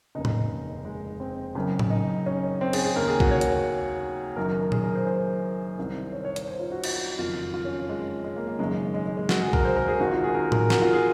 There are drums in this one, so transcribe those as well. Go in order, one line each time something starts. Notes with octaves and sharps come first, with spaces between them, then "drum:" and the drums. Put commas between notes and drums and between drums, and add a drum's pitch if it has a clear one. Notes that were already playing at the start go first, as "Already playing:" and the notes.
F1 D#2 C#3 D#4
drum: tom A2
G#3
C4
F#1 F#2 C#3
drum: tom A2
D#4
C#4
C4
G#4, drum: cymbal
G#4
D#2 C#3 A#4
G#4
F#4, drum: kick B1
C#5
drum: hi-hat
F#1 F#2 D#3 A#4
A#4
A#4
G#4, drum: tom A#2
A#4
C5
C5
C2 C3 D#3
C#5
C#5
C#5, drum: hi-hat
C5
F4
F#4
D#4, drum: cymbal
F#1 F2 D#3 F4
F4
C#4
G#3
G#3
A#3
A#3
G#1 F#2 C#3 G#3
G#3
G#3
G#3
F#4, drum: snare
G#4
A#4, drum: kick B1
C5
A#4
G#4
G#1 G#2 D#3 F#4
F4
G#4
A#4
A#4, drum: tom A2
F#4, drum: snare
F4
G#4